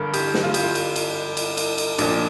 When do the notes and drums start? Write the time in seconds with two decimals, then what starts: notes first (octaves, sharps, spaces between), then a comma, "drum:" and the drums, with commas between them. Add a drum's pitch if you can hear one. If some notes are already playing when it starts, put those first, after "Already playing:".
Already playing: G1 G2 D3 A#4
0.14 G4, drum: cymbal
0.34 drum: snare
0.44 F4
0.54 G4, drum: cymbal
0.63 F4
0.75 drum: cymbal
0.96 drum: cymbal
1.37 drum: cymbal
1.57 drum: cymbal
1.78 drum: cymbal
1.98 A#1 A#2 F3 D4, drum: cymbal